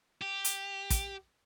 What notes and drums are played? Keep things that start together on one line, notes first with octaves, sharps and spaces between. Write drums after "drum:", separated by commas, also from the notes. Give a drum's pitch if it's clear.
G4
drum: hi-hat
drum: kick, hi-hat